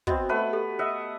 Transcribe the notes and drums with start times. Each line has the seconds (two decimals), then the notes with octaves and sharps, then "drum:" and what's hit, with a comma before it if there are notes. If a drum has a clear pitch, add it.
0.07 B3 C4 F#4 D#5 E5, drum: kick
0.29 A3 B4 F#5
0.53 G4 A4
0.79 D#5 E5 F#5